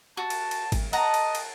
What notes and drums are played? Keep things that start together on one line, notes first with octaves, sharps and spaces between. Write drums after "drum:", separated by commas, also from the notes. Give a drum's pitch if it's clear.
F#4 A5
drum: cymbal
drum: cymbal
drum: kick G#1, cymbal
D#5 F#5 A5 A#5, drum: cymbal
drum: cymbal
drum: cymbal